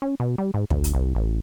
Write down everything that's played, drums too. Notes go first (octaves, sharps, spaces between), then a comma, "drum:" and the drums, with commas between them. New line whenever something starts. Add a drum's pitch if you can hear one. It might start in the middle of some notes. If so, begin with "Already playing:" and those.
C#4
B2
G3
G#2
D2, drum: kick
drum: hi-hat
C2
A1